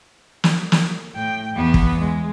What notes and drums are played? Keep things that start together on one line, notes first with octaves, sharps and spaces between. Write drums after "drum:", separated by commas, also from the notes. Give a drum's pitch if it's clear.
drum: snare
drum: snare
A2 G5
E2 B3
drum: kick
G#3